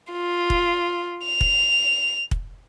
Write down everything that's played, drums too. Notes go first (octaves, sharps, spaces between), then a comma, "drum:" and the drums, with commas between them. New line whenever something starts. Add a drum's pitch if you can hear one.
F4
drum: kick
F7
drum: kick
drum: kick